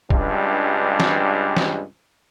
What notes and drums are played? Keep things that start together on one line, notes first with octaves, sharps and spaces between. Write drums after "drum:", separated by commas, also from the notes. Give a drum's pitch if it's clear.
C#2 G2, drum: kick
drum: snare
drum: snare